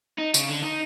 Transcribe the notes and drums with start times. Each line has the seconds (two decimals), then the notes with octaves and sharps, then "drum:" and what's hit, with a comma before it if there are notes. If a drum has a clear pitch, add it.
0.18 D#4
0.34 C#3, drum: tambourine
0.49 D3
0.62 D#4